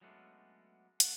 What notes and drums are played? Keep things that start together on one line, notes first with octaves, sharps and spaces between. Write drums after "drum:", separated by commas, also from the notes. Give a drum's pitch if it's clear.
F#3 G#3 A3 B3 C#4 D4
A3 F4 F#5, drum: hi-hat